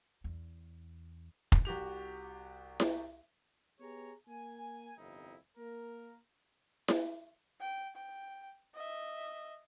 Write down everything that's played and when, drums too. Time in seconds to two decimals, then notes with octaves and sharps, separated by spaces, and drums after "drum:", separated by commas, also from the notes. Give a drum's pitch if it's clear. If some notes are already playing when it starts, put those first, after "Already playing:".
0.24 E2
1.52 drum: kick F1
1.65 C2 F#4 G4 F7
2.80 drum: snare E4
3.80 B3 G4 G#4 C#5 A#5
4.28 A#3 G#5
4.98 G1 C2 F2 D#4 E4
5.58 A#3 A#4
6.88 drum: snare E4
7.61 G5
7.96 G5
8.75 D#5 E5